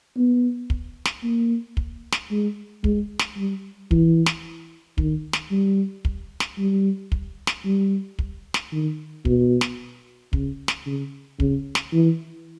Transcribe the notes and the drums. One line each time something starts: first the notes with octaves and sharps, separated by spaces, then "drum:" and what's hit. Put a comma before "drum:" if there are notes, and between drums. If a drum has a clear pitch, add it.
B3
drum: kick
drum: snare
A#3
drum: kick
drum: snare
G#3
G#3, drum: kick
drum: snare
G3
E3, drum: kick
drum: snare
D#3, drum: kick
drum: snare
G3
drum: kick
drum: snare
G3
drum: kick
drum: snare
G3
drum: kick
drum: snare
D#3
B2, drum: kick
drum: snare
C#3, drum: kick
drum: snare
C#3
C#3, drum: kick
drum: snare
E3